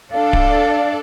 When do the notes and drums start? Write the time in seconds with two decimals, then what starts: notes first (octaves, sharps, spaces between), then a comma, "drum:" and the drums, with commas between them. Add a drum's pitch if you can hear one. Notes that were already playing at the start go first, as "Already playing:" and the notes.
0.12 D4 A4 D5 F5
0.33 drum: kick D1